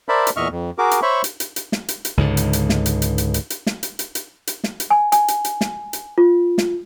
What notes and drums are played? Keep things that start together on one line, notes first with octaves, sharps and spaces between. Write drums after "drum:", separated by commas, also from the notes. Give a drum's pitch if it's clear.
A#4 C5 D5 E5 A5 B5
drum: hi-hat
E2 A#2 D#5 E5 C#6 F6
F2
F#4 G#4 A#4 D6
drum: hi-hat
C5 C#5 E5 B5 C#6
drum: hi-hat
drum: hi-hat
drum: hi-hat
drum: snare
drum: hi-hat
drum: hi-hat
C#2 G#2 D3
drum: hi-hat
drum: hi-hat
drum: snare
drum: hi-hat
drum: hi-hat
drum: hi-hat
drum: hi-hat
drum: hi-hat
drum: snare
drum: hi-hat
drum: hi-hat
drum: hi-hat
drum: hi-hat
drum: snare
drum: hi-hat
G#5
G#5, drum: hi-hat
drum: hi-hat
drum: hi-hat
drum: snare
drum: hi-hat
F4
drum: snare